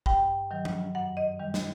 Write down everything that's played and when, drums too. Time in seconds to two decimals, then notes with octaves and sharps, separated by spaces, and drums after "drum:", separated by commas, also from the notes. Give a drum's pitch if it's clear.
0.06 G2 G5, drum: kick
0.51 D#3 F#3
0.65 drum: tom
0.95 F#2 F#5
1.17 D#5
1.39 D#3 G3
1.54 drum: snare